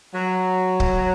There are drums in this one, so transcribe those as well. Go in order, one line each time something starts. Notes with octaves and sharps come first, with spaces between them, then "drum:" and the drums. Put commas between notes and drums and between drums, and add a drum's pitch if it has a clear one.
F#3
drum: kick C#1